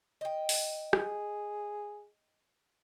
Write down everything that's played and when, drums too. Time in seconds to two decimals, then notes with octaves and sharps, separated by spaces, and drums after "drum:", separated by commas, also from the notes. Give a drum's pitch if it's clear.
0.21 D#5 G5
0.49 drum: open hi-hat
0.93 G#4, drum: rim click